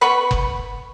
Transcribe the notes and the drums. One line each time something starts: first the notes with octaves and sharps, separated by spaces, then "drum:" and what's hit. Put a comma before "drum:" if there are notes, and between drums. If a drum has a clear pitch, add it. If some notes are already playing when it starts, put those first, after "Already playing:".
B3 B4 B5 C#6
drum: kick F#1